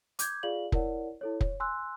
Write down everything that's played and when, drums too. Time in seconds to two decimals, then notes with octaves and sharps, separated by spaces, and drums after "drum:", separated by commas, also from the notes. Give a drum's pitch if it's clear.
0.19 D6 G6 G#6, drum: hi-hat
0.43 F4 G#4 D5 F5 F#7
0.72 E4 A#4 C#5 D5 F#5, drum: kick
1.21 E4 A4 C#5
1.41 C#5, drum: kick
1.60 G#5 C6 E6 F#6